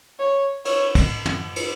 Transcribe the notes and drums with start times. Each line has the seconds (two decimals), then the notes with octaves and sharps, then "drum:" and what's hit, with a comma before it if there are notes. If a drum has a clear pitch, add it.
0.19 C#5
0.65 C#5, drum: cymbal
0.95 drum: kick, cymbal
1.26 drum: tom
1.56 drum: cymbal